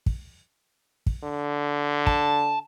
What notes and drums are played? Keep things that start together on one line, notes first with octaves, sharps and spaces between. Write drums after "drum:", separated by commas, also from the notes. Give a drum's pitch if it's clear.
drum: kick
drum: kick
D3
A5, drum: kick